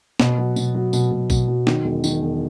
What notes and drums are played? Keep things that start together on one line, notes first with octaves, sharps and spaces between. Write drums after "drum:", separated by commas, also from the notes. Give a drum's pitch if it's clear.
B2, drum: snare
F#3
B2, drum: tambourine
F#3
B2, drum: tambourine
B2
B2, drum: kick A1, tambourine
F#3
D#3, drum: snare
E1
D#3, drum: tambourine
E1